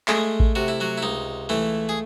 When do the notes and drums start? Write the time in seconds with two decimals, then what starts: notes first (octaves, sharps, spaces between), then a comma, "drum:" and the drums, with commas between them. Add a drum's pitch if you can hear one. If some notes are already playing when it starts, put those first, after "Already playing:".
0.08 G#3 A3 G#4, drum: clap
0.40 drum: kick A1
0.55 C3 F#4
0.68 E4
0.80 F#3 F#4
0.98 E4
1.02 C#2 D#4
1.49 E3 A3 E4
1.89 G#4